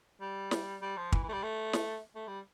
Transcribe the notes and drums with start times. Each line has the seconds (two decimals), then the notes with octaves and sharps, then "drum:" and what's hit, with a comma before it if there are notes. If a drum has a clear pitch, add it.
0.21 G3
0.51 drum: snare
0.82 G3
0.97 F3
1.12 E3, drum: kick
1.23 E3
1.28 A3
1.33 G3
1.43 A3
1.73 drum: snare
2.16 A3
2.27 G3